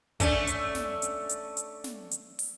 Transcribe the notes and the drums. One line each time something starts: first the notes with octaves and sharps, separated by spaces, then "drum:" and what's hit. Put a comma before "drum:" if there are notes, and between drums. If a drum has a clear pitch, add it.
A3 C#4 D4, drum: kick, hi-hat
drum: hi-hat
drum: snare
drum: hi-hat
drum: hi-hat
drum: hi-hat
drum: snare
drum: hi-hat
drum: open hi-hat